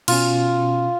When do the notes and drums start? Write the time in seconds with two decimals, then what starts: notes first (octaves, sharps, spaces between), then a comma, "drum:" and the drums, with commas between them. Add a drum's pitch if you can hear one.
0.08 B2 C#4 F4, drum: cymbal